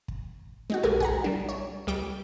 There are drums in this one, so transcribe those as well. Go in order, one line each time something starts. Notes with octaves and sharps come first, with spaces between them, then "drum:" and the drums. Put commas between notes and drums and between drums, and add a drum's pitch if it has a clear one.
drum: kick
G#3 D#4 F#4
F#4 G4 A4 A#4 G#5, drum: tom B1
G#4 F#5 A#5, drum: kick
G3 D4
C#5
C#2 G3 G5 D6